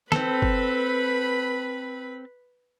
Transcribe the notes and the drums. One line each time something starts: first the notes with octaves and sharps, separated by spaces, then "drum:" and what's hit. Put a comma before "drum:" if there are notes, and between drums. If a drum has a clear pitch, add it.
C4 A4 B4 B5, drum: snare
drum: kick